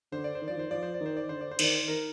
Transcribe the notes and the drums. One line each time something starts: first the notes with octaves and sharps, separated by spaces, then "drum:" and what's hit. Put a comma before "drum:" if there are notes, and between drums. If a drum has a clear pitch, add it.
D3 C5
D5
C5
D#3
F3 D5
D#3 C5
F3 D5
C5
D5
D#3
C5
D5
D3 C5
D5
C5
D#3 D5, drum: cymbal
C5
D#3 A#4